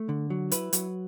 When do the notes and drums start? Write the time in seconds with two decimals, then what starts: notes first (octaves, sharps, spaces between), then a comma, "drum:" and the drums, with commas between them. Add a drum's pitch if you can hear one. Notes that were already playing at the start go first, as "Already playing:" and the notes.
Already playing: A3
0.09 D3
0.30 F#3
0.51 E4 B4, drum: hi-hat
0.73 F#3, drum: hi-hat